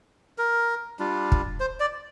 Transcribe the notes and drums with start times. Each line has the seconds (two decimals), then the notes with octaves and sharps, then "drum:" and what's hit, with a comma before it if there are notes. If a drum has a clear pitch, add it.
0.38 A#4
0.99 G3 D4 F4
1.32 drum: kick
1.60 C5
1.80 D5